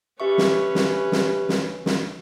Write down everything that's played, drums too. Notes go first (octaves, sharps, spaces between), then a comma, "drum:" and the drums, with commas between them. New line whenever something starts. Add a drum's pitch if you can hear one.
C#4 G4 B4 E5 C#6
drum: snare
drum: snare
drum: snare
drum: snare
drum: snare